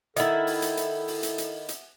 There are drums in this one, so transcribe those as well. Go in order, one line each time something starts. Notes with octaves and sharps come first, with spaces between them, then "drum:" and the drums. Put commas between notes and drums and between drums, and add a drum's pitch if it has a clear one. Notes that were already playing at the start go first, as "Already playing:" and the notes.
D#3 E4 A4 E5 F#5 A6, drum: hi-hat
drum: open hi-hat
drum: hi-hat
drum: hi-hat
drum: open hi-hat
drum: hi-hat
drum: hi-hat
drum: hi-hat